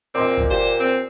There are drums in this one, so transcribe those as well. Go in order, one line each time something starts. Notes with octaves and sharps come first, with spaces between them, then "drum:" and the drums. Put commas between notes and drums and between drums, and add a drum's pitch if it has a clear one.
A#2 C4 D#5 C6 D6
drum: kick
G4 C5 D5 F5
C4